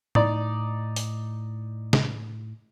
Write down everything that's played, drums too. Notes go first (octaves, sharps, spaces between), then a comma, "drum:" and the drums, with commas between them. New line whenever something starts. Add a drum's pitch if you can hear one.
A2 D#4 D5, drum: tom A2
drum: open hi-hat
drum: snare